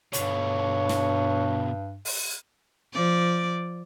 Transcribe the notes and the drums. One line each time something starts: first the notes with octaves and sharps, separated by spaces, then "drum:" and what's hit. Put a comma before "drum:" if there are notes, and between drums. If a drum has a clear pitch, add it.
G2 B2 D3 C#5, drum: hi-hat
drum: snare
drum: open hi-hat
F3 D5